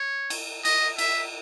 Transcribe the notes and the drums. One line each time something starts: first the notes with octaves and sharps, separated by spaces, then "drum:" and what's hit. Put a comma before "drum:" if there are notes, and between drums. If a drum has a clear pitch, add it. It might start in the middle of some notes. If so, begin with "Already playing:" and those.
Already playing: C#5
drum: cymbal
D#5, drum: cymbal
E5, drum: cymbal